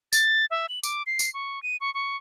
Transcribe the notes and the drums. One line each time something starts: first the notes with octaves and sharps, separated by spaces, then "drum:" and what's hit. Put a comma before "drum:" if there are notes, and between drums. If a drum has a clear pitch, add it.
A6, drum: tambourine
E5
F#7
D6, drum: tambourine
C7
drum: tambourine
C#6
D#7
C#6
C#6